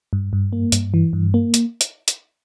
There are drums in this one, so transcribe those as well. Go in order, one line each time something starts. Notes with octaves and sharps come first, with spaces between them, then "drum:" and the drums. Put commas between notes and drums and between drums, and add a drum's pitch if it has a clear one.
G2
G2
A#3
G2, drum: hi-hat
E3
G2
A#3
drum: hi-hat
drum: hi-hat
drum: hi-hat